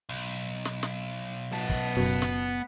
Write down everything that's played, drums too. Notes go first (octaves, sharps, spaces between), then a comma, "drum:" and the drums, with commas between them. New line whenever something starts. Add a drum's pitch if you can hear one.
B1
drum: snare
drum: snare
B3 A5
drum: kick
F#1 F#2 B2
drum: snare